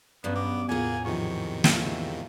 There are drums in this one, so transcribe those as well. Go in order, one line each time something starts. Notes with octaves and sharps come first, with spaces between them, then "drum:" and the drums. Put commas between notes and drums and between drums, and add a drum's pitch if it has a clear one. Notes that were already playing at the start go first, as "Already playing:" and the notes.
G2 B2 F#3 B3 C#4 B4 D5
B3 D6
E2 A2 C#3 A#3 F4 G#4 F#5 G#5
E2 G#2 C3 D#3 F3 F4 C#6
C#3 G#3 A#3 F4 E5, drum: snare